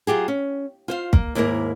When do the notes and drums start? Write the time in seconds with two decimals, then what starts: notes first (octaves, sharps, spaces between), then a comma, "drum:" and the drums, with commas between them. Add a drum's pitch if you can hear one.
0.07 F#3 F4 G4 G#4
0.28 C#4
0.88 F4 C5 F5
1.13 A#3, drum: kick
1.35 D#2 G#2 A#3 E4 A#4